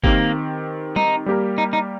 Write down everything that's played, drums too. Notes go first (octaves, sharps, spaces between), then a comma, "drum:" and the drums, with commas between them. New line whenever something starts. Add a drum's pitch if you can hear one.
D#3 A#3 C4 G4, drum: kick G1
D#4, drum: tom
G3 A#3 G4 A#4
D#4
D#4